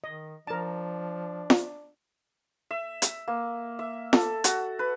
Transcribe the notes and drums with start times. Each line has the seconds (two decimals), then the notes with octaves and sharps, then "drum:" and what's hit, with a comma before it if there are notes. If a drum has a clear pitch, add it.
0.04 D#3 D#5
0.47 F3 D4 A#4 A5
1.50 drum: snare
2.71 E5
3.02 drum: hi-hat
3.28 A#3
3.79 E5
4.13 A4, drum: snare
4.44 F#4, drum: hi-hat
4.79 B4